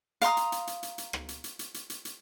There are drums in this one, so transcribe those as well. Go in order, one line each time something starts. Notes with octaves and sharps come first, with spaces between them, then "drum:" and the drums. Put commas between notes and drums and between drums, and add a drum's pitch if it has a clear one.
F5 A#5 C6 D#6, drum: hi-hat
drum: hi-hat
drum: hi-hat
drum: hi-hat
drum: hi-hat
drum: hi-hat
drum: rim click
drum: hi-hat
drum: hi-hat
drum: hi-hat
drum: hi-hat
drum: hi-hat
drum: hi-hat